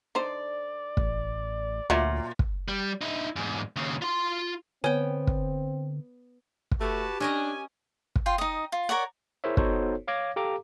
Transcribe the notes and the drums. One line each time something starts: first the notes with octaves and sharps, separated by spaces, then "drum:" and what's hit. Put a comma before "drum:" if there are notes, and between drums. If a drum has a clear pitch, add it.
D3 D#4 C5 D5
A1, drum: kick
D2 A#2 F#3 F4 E5
drum: kick
G3
D#4 E4
E2 G#2
D#2 C#3
F4 C6
D3 B3 C4 C#5 G5 G#5
drum: kick
drum: kick
A3 F#4 G4 B4 A5
C#4 D4 A#4 D#5 G#5
drum: kick
F4 G5 C6
D#4 D#5
F4
A#4 C#5 D5 F#5
E4 G#4 A#4 C5 C#5 E5
B3 D#4 F#4 A4 C5 C#5, drum: kick
C#5 F5 D6 G#6 A#6
G4 A4 F5 A#5 D6